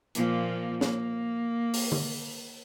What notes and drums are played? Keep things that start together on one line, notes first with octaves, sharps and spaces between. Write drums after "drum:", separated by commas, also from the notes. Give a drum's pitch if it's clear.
A#2 F3 A#3, drum: hi-hat
A#3, drum: snare
drum: open hi-hat
drum: tom D3